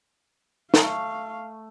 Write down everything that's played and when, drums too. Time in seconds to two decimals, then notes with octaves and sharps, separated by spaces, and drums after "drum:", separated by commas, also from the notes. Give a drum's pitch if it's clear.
0.74 A3 F5, drum: snare